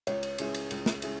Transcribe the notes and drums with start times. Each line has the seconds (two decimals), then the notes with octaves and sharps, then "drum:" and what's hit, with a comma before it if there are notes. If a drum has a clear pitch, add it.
0.07 C#2 C#5, drum: cymbal
0.23 drum: cymbal
0.38 C#3 G#3 E4 G#4, drum: cymbal
0.54 drum: cymbal
0.71 C#2, drum: cymbal
0.86 drum: snare
1.02 C#3 G#3 E4 G#4, drum: cymbal